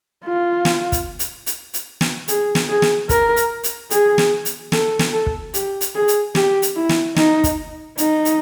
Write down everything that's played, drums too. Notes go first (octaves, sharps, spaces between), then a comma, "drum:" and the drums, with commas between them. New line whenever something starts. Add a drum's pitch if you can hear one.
F4
drum: snare
drum: kick, hi-hat
drum: hi-hat
drum: hi-hat
drum: hi-hat
drum: snare
G#4, drum: hi-hat
drum: snare
G#4
drum: snare
A#4, drum: kick, hi-hat
drum: hi-hat
drum: hi-hat
G#4, drum: hi-hat
drum: snare
drum: hi-hat
A4, drum: snare
drum: snare
A4
drum: kick
G4, drum: hi-hat
drum: hi-hat
G#4
drum: hi-hat
G4, drum: snare
drum: hi-hat
E4
drum: snare
D#4, drum: snare
drum: kick, hi-hat
D#4, drum: hi-hat
drum: hi-hat